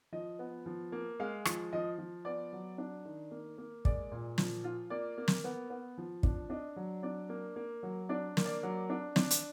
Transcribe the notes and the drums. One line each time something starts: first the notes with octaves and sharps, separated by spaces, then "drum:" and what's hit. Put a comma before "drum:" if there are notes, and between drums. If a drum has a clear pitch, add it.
F3 D#5
B3
F3
A#3
G#3 F5
F3, drum: rim click
F3 D#5
F3
B3 D5
F#3
D4
D#3
A#3
A#3
G#3 D5, drum: kick
A#2
F3, drum: snare
F4
A#3 D5
A#3
drum: snare
B3
B3
F3
D4, drum: kick
D4 D#5
F#3
D4 D5
A#3
A#3
F#3
D4 D5
A#3, drum: snare
D5
F#3
D4
D4, drum: snare
drum: hi-hat